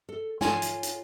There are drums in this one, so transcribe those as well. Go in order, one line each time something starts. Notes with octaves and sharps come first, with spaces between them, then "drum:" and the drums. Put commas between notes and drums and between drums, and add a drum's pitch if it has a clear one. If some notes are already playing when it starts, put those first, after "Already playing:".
A4
F4 C#5 G#5 A5, drum: snare
drum: hi-hat
drum: hi-hat